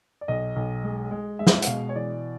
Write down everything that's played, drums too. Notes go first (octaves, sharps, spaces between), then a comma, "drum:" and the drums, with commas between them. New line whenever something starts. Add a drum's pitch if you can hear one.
D5
B1 D#5
B1
G#3
G#3
G#3 E5
F5, drum: snare
E5
F#5, drum: hi-hat
B2 F5
C#5
E3 D5